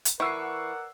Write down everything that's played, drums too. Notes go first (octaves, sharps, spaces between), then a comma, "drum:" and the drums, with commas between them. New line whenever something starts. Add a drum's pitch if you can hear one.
drum: hi-hat
E3 A#4 D5 F#5 C#6 E6 C7